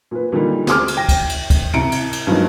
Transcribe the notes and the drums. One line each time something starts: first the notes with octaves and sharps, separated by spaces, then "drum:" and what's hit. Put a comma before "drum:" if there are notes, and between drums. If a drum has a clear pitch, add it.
A#2 B4
A#2 D3 D#3 G3 A#3
D2 G#4 D6 F6, drum: snare
drum: cymbal
G5 A#6
drum: kick, cymbal
drum: cymbal
drum: kick, cymbal
C2 C3 E4 A#5 C#7 D7, drum: tom
drum: cymbal
drum: cymbal
G2 D#3 F3 F#3 G#3 A#3